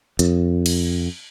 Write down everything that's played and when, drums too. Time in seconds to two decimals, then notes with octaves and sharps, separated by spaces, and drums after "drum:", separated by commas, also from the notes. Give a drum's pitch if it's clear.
0.19 F2, drum: hi-hat
0.66 drum: cymbal